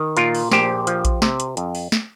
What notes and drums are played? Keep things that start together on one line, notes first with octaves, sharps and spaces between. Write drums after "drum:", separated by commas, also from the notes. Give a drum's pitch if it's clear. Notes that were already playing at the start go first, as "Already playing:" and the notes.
Already playing: D#3
A#2 F4 A#4, drum: hi-hat
drum: open hi-hat
A#1 G4 C5, drum: snare
F3, drum: hi-hat
drum: kick A#1, hi-hat
C3, drum: snare
drum: hi-hat
F2, drum: hi-hat
drum: open hi-hat
drum: snare